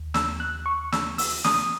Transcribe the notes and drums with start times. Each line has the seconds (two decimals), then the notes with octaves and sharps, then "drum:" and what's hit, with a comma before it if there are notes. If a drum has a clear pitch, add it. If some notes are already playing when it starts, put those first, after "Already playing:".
Already playing: D#2
0.14 E6, drum: snare
0.40 F#6
0.66 C#6
0.92 E6, drum: snare
1.18 E6, drum: open hi-hat
1.45 D#6, drum: snare